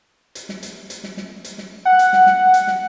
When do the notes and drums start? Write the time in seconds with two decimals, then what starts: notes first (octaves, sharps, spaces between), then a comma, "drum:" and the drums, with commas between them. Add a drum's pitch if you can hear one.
0.35 drum: hi-hat
0.49 drum: snare
0.63 drum: hi-hat
0.90 drum: hi-hat
1.04 drum: snare
1.17 drum: snare
1.44 drum: hi-hat
1.58 drum: snare
1.85 F#5
1.99 drum: hi-hat
2.13 drum: snare
2.26 drum: snare
2.54 drum: hi-hat
2.67 drum: snare